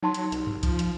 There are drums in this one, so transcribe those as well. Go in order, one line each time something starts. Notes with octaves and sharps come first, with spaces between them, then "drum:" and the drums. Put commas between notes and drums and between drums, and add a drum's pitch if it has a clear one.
F#3 D#4 A5 C6
drum: hi-hat
C2, drum: hi-hat
drum: tom G2
F3, drum: kick C2, hi-hat
drum: hi-hat